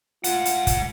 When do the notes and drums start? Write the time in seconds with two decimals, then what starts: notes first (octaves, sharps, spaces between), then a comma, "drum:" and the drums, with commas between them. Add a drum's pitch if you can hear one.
0.24 G#2 F4 F#5, drum: hi-hat
0.45 drum: hi-hat
0.67 drum: kick, hi-hat